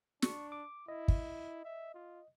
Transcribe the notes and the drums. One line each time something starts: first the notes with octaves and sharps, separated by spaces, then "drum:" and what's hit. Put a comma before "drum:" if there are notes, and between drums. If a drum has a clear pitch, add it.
D4 C#6, drum: snare
D6
E4 D#5
drum: kick
E5
F4